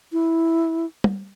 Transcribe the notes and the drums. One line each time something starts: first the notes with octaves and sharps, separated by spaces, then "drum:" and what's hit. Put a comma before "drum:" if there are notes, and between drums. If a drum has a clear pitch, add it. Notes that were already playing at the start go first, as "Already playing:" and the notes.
E4
drum: tom